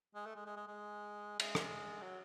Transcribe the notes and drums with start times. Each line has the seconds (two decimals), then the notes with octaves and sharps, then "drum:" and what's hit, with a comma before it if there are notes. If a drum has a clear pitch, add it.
0.15 G#3
0.26 A3
0.36 G#3
0.46 G#3
0.57 G#3
0.67 G#3
1.40 G#3, drum: cymbal
1.55 drum: rim click
2.02 F#3